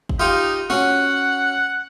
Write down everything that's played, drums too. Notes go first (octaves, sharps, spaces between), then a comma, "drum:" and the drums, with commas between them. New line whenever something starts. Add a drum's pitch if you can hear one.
drum: kick G1
D#4 F4 G4
C#4 F#4 F#5, drum: snare